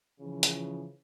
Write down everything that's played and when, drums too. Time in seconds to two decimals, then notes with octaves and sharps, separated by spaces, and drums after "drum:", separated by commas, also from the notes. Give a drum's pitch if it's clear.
0.19 C#3 E3 F3
0.43 drum: hi-hat